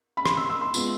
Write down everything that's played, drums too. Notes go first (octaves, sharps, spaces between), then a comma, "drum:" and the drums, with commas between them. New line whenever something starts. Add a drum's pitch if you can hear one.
B5
C6, drum: rim click
E6
E6
C6
G#3 B3 F4, drum: tambourine